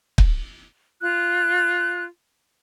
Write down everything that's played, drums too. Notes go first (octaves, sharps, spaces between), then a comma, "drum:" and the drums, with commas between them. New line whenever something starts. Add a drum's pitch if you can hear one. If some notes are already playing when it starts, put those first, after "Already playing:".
drum: kick
F4 F#6